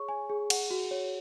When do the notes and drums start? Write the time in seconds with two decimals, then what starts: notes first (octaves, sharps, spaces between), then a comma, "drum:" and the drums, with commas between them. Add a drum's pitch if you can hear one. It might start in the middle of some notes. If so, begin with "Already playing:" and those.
Already playing: G#4 C#5 C#6
0.09 G#5
0.30 G#4
0.50 F#5, drum: cymbal
0.70 F#4
0.91 C#5